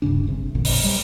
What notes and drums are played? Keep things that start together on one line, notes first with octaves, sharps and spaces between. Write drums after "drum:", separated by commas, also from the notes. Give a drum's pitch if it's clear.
D1 G2 C#3 D4
G1 C3
A1 F2 A#2 D3
drum: open hi-hat
G3